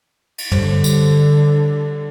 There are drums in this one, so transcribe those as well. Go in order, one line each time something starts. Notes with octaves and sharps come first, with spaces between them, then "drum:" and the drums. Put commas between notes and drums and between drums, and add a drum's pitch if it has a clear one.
drum: cymbal
D3 G3 C5 C#5, drum: tom
drum: tambourine